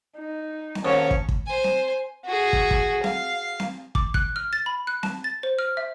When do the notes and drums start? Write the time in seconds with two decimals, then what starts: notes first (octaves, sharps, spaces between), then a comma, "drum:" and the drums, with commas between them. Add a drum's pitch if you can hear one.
0.18 D#4
0.75 drum: snare C4
0.85 D#2 G#2 C#4 C#5 A5
1.11 drum: kick
1.29 drum: kick
1.46 C5 G#5
1.64 drum: snare C4
2.25 F#4 G#4
2.53 drum: kick
2.71 drum: kick
3.04 F5, drum: snare C4
3.60 drum: snare C4
3.95 D6, drum: kick
4.14 F#6, drum: kick
4.36 F6
4.53 A6
4.66 B5
4.87 F#6
5.03 A5, drum: snare C4
5.24 A6
5.43 C5
5.59 F6
5.77 E5